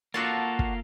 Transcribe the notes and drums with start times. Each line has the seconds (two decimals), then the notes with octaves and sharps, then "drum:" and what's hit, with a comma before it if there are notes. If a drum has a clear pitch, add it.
0.14 A#3 D4 F4 F#4 A4 A5
0.59 drum: kick